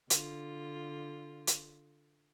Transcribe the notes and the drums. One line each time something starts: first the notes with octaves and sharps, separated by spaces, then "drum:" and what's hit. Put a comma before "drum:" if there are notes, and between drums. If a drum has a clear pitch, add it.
D3 F4, drum: hi-hat
drum: hi-hat